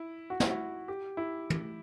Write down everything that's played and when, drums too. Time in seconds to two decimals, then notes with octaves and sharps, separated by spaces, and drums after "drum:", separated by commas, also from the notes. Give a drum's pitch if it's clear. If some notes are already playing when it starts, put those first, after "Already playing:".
Already playing: E4
0.30 F#4
0.40 E4, drum: snare
0.50 F#4
0.88 G4
1.17 E4
1.50 drum: tom